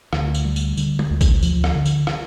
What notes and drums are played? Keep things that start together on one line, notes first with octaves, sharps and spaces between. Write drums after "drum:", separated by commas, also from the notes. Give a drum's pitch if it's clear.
D2, drum: rim click
drum: tambourine
G3
drum: tambourine
D3, drum: tambourine
drum: tom
D2
drum: kick, tambourine
F3, drum: tambourine
drum: rim click
D3
drum: tambourine
drum: rim click